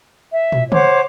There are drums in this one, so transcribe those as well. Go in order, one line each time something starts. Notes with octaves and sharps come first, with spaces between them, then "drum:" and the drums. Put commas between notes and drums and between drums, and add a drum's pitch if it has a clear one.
E5
drum: tom
C5 C#5 F#5 D6, drum: tom